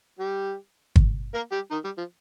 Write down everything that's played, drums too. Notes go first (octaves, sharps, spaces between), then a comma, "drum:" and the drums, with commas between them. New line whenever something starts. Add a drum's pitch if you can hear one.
G3 G4
drum: kick
A#3 A#4
G3 G4
D#3 D#4
G3
F3